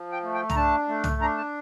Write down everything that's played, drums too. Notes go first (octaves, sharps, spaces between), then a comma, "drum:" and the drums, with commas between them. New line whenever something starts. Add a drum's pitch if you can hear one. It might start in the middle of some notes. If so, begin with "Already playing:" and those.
Already playing: F3
G5
A3
G5
A#5, drum: tom
D4 A5
A3
drum: tom
D4 A#5
A5